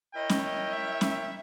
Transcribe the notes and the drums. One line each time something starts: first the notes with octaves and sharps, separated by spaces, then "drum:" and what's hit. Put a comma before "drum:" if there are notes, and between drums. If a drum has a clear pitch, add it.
E4 A#4 C#5 D#5 G5
drum: snare C#4
D#5
E5
drum: snare C#4